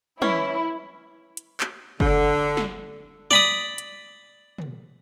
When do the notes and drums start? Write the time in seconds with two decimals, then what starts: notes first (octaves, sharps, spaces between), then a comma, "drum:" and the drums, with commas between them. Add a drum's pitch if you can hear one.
0.22 E3 C#4 E4, drum: tom
1.37 drum: hi-hat
1.60 drum: clap
2.00 D3, drum: kick
2.57 drum: snare
3.31 D5 B5 D#6, drum: snare
3.78 drum: hi-hat
4.58 drum: tom